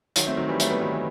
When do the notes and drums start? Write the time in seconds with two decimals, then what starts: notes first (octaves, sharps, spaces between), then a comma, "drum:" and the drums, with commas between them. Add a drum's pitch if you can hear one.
0.16 D#3 F#3, drum: hi-hat
0.27 A3 C4
0.37 D#3 F#3
0.48 E3 G3
0.60 F#3 A3, drum: hi-hat
0.71 G3 B3
0.81 D#3 F#3
0.93 E3